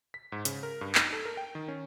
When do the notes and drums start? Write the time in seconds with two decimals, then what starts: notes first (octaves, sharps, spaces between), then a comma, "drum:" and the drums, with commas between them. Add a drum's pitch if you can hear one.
0.14 B6
0.32 G#2
0.45 C#3, drum: hi-hat
0.63 A#4
0.81 G2
0.95 D#4, drum: clap
1.13 A4
1.25 A#4
1.37 G5
1.55 D#3
1.68 C#4